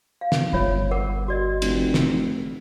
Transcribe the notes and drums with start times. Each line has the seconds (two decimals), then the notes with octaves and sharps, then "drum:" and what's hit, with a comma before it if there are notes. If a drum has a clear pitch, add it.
0.21 F5
0.32 drum: snare
0.53 G1 F4 C#5 E5
0.91 A#4 F#5 D6
1.28 F#4 D5 D#5
1.62 F1, drum: cymbal
1.94 drum: snare